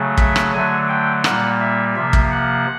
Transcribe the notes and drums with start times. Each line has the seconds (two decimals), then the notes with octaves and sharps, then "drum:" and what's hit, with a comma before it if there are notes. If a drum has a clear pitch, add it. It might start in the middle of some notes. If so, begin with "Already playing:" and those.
Already playing: C#3 F#3 A3
0.17 E5, drum: kick
0.36 drum: rim click
0.53 D3 F#3 A3 G#5
0.88 G5
1.24 A#2 G3 A#3 F#5, drum: rim click
1.59 E5
1.95 C3 F3 A#3 E5
2.13 drum: kick
2.31 F#5